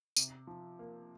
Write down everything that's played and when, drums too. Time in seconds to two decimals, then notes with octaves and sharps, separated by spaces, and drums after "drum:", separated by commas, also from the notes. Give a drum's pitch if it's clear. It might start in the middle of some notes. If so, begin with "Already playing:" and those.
0.17 C3, drum: tambourine
0.47 F3
0.79 A#3